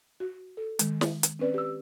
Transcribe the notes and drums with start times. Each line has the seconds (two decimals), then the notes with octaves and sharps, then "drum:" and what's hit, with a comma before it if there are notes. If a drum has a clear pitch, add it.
0.20 F#4
0.57 A4
0.79 D#3 G#3, drum: hi-hat
1.01 drum: snare
1.23 drum: hi-hat
1.39 C4 C#4 B4 D5
1.54 G4 E6